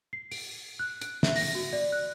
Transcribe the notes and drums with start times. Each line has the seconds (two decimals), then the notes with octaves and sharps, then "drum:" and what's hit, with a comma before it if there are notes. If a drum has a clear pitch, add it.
0.13 C7
0.31 D7, drum: open hi-hat
0.79 F#6
1.02 D7, drum: hi-hat
1.23 E5, drum: snare
1.36 A#6, drum: open hi-hat
1.55 F#4
1.73 D5
1.92 F#6